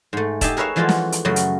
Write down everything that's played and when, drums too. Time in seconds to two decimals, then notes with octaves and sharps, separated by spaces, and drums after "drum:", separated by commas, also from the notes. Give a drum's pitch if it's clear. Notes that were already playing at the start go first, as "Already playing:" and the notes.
0.13 G#2 A3
0.41 D#4 G4 G#4 E5 A5, drum: kick E1, hi-hat
0.57 G#4 A#4 B4 C#5 E5 F5
0.76 E3 F3 G#3 F4 F#4 A4
0.89 drum: snare
1.12 drum: hi-hat
1.25 F#2 C#3 F#3 A3
1.36 drum: hi-hat